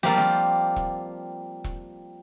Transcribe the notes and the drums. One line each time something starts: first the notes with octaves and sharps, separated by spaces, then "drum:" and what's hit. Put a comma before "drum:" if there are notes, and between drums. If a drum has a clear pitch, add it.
F3 G3 A#3 C4 G4, drum: snare
drum: snare
drum: kick E1
drum: kick E1